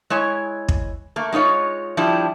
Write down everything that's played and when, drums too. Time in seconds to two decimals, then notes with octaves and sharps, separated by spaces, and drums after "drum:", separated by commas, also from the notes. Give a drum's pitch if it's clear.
0.10 G#3 E4 C#5 G#5
0.68 drum: kick
1.16 A3 A#3
1.33 G#3 D#4 F4 C#5
1.97 F3 G3 D4 E4